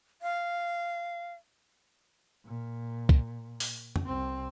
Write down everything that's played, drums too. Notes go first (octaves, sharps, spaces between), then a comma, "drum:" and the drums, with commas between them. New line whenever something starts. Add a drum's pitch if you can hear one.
F5
A#2
drum: kick C2
drum: open hi-hat
drum: tom
C2 C4